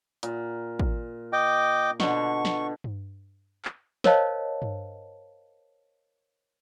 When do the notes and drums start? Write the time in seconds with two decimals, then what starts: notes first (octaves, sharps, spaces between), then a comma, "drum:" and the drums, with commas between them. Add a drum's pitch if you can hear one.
0.23 A#2, drum: hi-hat
0.79 drum: kick
1.33 D#5 G5 D6
2.00 B2 D3 C#6, drum: snare
2.45 drum: snare
2.84 drum: tom G2
3.65 drum: clap
4.04 A#4 C5 C#5 D#5 F5 A5, drum: snare
4.62 drum: tom G2